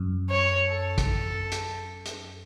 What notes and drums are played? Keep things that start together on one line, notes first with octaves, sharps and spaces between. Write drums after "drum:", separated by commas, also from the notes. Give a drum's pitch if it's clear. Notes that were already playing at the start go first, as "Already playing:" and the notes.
Already playing: F#2
C#5
A4
drum: kick, hi-hat
drum: hi-hat
drum: hi-hat